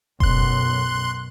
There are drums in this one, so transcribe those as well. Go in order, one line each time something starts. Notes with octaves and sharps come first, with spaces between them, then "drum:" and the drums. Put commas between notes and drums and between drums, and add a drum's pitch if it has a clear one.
B1 F#2 C6 F#6, drum: kick F1